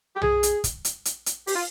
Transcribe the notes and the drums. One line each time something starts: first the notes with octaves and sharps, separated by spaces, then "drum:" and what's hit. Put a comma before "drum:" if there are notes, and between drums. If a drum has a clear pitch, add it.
G4
G#4, drum: tom B1
drum: hi-hat
drum: kick, hi-hat
drum: hi-hat
drum: hi-hat
drum: hi-hat
G4, drum: open hi-hat
F4